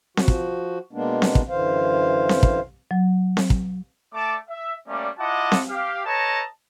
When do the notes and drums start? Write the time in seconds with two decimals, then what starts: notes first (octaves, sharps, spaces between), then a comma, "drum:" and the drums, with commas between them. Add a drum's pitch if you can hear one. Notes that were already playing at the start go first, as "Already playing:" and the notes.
0.17 F3 F#4, drum: snare C4
0.28 drum: kick
0.93 B2 G#3 A#3 B3 D4
1.22 drum: snare C4
1.35 drum: kick
1.49 F#2 D3 E3 C5 F5
2.29 drum: snare C4
2.43 drum: kick
2.91 F#3
3.37 drum: snare C4
3.50 drum: kick
4.14 A3 D5 A5 D6
4.49 E5
4.88 G3 A3 A#3 C#4 D5
5.19 E4 F4 D#5 F#5 A5 D6
5.52 drum: snare C4
5.69 G4 F5
6.05 A4 B4 C#5 D#5 A5 A#5